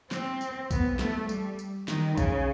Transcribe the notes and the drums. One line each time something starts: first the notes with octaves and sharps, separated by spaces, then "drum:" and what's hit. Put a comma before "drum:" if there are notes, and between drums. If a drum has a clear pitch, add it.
C4, drum: snare
drum: tambourine
B3, drum: kick A#1, tambourine
A3, drum: snare
G3, drum: tambourine
drum: tambourine
D#3, drum: snare
C#3, drum: kick A#1, tambourine